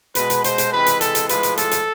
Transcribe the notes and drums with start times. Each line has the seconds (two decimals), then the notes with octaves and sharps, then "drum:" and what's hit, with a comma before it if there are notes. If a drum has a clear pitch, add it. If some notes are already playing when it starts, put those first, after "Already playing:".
0.15 B2 G#3 B4, drum: hi-hat
0.30 drum: hi-hat
0.44 C5, drum: hi-hat
0.58 drum: hi-hat
0.72 C3 E3 G#3 B4
0.86 drum: hi-hat
1.01 A4, drum: hi-hat
1.15 drum: hi-hat
1.29 A2 F3 G#3 B4, drum: hi-hat
1.43 drum: hi-hat
1.57 A4, drum: hi-hat
1.71 drum: hi-hat